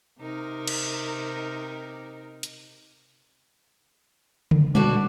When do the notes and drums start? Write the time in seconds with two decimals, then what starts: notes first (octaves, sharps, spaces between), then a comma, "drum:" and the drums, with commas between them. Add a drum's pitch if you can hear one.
0.20 C3 D#4 A#4
0.67 drum: cymbal
2.43 drum: hi-hat
4.51 drum: tom C#3
4.75 B2 D3 D4 F#4, drum: tom G3